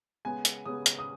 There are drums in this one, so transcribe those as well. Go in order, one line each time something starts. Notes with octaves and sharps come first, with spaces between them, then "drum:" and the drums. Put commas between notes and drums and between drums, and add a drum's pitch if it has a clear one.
C#3 G#3 B3 G#5
drum: hi-hat
C#3 G#3 B3 D#6
drum: hi-hat
D#6